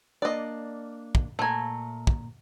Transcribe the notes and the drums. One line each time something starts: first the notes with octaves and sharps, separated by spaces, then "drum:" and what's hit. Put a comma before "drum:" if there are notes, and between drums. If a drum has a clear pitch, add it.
A#3 D4 D5 D#5
drum: kick
A#2 A3 G#5 A#5
drum: kick